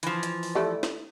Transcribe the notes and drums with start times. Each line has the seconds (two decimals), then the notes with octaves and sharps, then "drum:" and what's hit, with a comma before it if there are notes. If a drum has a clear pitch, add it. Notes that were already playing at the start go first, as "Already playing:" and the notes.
0.03 E3 F3, drum: hi-hat
0.23 drum: hi-hat
0.43 drum: open hi-hat
0.55 G3 A3 E4
0.83 drum: snare